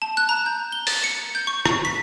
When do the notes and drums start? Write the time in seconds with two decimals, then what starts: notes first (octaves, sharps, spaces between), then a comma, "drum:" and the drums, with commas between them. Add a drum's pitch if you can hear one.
0.02 A5
0.17 F#6
0.29 A#5
0.46 G6
0.72 G7
0.87 A6, drum: open hi-hat
1.04 C#7
1.35 G6
1.47 C#6
1.66 C#6, drum: rim click
1.85 B6